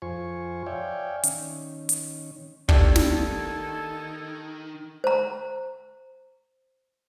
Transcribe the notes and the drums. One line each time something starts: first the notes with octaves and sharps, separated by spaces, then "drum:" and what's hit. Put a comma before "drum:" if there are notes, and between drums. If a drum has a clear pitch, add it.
F2 F4 C5 G#5 C#6
C#5 D5 E5 F5 G5 G#5
D#3 C#4, drum: hi-hat
drum: hi-hat
D#3 A#3 D4 E4 G4 A4 G#6, drum: kick
drum: snare
C5 A#5